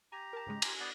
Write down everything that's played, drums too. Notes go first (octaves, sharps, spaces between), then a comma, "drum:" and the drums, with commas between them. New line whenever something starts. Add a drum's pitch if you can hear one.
G4 G#5 A#5
A#4 A5
G#2 C#3 G#3
G#5 A5 C6, drum: cymbal
B3 D5 F#5